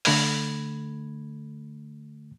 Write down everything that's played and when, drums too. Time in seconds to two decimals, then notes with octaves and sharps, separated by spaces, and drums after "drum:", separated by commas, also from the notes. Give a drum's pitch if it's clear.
0.05 D3 A3 B5 G#6, drum: open hi-hat